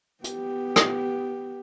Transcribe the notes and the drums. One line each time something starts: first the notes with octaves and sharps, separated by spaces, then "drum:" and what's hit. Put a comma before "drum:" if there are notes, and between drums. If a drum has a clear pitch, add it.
B3 G4, drum: hi-hat
drum: rim click